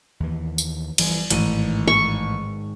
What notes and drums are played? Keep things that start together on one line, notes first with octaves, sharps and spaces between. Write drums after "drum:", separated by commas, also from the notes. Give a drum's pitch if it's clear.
D#2 E3
drum: tambourine
G1 E3 F3, drum: cymbal
A1 G#2 D#3 D#7, drum: hi-hat
C#6